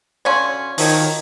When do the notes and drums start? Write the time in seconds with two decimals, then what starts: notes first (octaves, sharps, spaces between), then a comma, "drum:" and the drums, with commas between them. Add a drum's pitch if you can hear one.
0.25 B2 D3 C#4 D5 F5 C6
0.78 D#3 F3 F#3 C#5, drum: open hi-hat